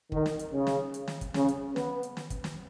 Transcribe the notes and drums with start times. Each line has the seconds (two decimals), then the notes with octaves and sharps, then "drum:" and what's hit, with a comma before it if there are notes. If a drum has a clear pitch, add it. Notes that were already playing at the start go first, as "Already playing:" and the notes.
0.12 D#3, drum: kick
0.26 drum: snare
0.39 drum: hi-hat
0.53 C#3
0.67 drum: snare
0.94 drum: hi-hat
1.08 drum: snare
1.21 drum: kick, hi-hat
1.34 C#3, drum: snare
1.48 drum: hi-hat
1.76 B3, drum: snare
2.03 drum: hi-hat
2.17 drum: snare
2.30 drum: kick, hi-hat
2.44 drum: snare